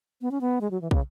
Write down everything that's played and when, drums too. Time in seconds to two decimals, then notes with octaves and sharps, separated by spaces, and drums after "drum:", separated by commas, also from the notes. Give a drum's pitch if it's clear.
0.21 B3
0.31 C#4
0.41 B3
0.61 G#3
0.71 F#3
0.81 E3
0.91 C#3, drum: kick